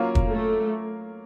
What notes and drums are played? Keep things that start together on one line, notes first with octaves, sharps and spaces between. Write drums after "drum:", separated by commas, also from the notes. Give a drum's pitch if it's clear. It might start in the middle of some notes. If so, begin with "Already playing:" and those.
Already playing: F#3 A#3 C#4 F4
drum: kick
A3